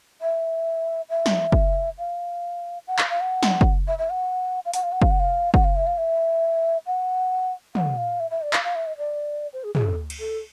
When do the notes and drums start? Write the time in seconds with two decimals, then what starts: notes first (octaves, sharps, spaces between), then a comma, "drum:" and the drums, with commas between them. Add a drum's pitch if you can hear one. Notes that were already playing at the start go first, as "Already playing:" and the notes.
0.21 E5
1.10 E5
1.26 drum: snare
1.52 drum: kick
1.99 F5
2.87 F#5
2.99 F5, drum: clap
3.10 F5
3.21 F#5
3.43 drum: snare
3.61 drum: kick
3.87 E5
3.98 E5
4.10 F#5
4.65 F5
4.74 F#5, drum: hi-hat
4.83 F5
4.92 F#5
5.02 F5, drum: kick
5.11 F#5
5.20 F5
5.54 F#5, drum: kick
5.64 F5
5.76 E5
5.87 F5
5.98 E5
6.86 F#5
7.75 F#5, drum: tom
7.97 F5
8.20 E5
8.31 E5
8.42 D5
8.53 F5, drum: clap
8.64 F5
8.75 E5
8.86 D#5
8.97 D5
9.53 C5
9.64 G#4
9.75 G#4, drum: tom
9.86 A4
10.10 drum: cymbal
10.19 A4